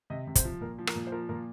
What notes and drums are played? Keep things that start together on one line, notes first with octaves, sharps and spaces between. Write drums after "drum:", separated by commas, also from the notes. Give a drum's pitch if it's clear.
C3 D#5
C3
C5, drum: kick, hi-hat
F3
A#2 A#4
F3
A#4, drum: rim click
A#2
C5
F3 A#4
A#2 A#4